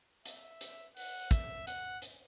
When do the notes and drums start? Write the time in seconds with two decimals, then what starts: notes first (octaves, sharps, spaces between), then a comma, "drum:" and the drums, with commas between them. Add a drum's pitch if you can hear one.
0.26 E5, drum: hi-hat
0.61 drum: hi-hat
0.97 F#5, drum: open hi-hat
1.31 E5, drum: kick, hi-hat
1.67 F#5, drum: hi-hat
2.02 drum: hi-hat